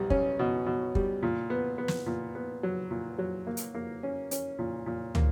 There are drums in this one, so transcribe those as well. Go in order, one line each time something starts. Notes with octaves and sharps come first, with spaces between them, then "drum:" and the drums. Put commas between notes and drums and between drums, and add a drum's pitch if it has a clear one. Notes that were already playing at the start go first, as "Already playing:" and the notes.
Already playing: B1 G3
C#4, drum: kick
B2
B2
G3, drum: kick
A#2
B3
B3
drum: snare
A#2
B3
F#3
A#2
F#3
A#3
drum: hi-hat
A#3
C#4
C#4, drum: hi-hat
A#2
A#2
A#3, drum: tom